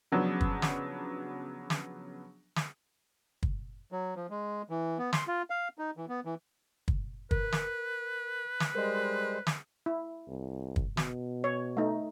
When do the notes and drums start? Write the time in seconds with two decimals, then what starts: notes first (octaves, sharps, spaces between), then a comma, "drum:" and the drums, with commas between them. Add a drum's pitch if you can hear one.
0.12 C#3 F3 F#3 B3 D4
0.41 drum: kick
0.62 drum: snare
1.70 drum: snare
2.56 drum: snare
3.43 drum: kick
3.92 F#3
4.16 F3
4.30 G#3
4.70 E3
4.98 B3
5.13 C6, drum: snare
5.28 F4
5.50 F5
5.78 D#4
5.97 E3
6.09 B3
6.25 E3
6.88 drum: kick
7.31 A#4 B4, drum: kick
7.52 drum: snare
8.60 drum: snare
8.75 G3 G#3 A#4 C5 D#5
9.47 drum: snare
9.86 E4
10.28 C2
10.76 drum: kick
10.97 B2, drum: snare
11.44 C#5
11.77 A3 D#4